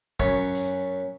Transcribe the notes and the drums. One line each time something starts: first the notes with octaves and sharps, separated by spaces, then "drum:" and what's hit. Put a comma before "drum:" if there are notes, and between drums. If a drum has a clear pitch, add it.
F#2 C#5 B5, drum: kick
drum: hi-hat